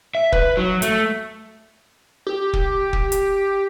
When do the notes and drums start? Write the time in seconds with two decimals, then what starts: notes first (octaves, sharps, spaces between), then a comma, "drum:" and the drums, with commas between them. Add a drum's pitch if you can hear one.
0.15 E5
0.32 B4, drum: kick
0.57 F#3
0.82 A3, drum: hi-hat
2.27 G4
2.53 drum: kick
2.93 drum: kick
3.12 drum: hi-hat